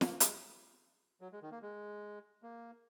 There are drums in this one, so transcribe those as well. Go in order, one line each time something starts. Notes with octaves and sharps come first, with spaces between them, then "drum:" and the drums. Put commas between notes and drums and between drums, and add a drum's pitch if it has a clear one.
A#3, drum: snare
G#3, drum: hi-hat
F#3
G#3
D#3
A#3
G#3
A#3